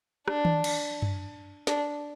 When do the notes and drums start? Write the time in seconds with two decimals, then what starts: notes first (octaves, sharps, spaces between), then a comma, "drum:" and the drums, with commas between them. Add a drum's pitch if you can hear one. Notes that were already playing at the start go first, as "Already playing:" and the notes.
0.28 D4, drum: rim click
0.45 drum: tom D#3
0.64 drum: cymbal
1.02 drum: tom F#2
1.67 D4, drum: snare